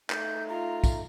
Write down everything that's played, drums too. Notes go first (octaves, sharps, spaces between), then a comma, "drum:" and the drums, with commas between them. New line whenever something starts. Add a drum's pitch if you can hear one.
A3 D#4 G6, drum: clap
F4 A#5
drum: kick, tambourine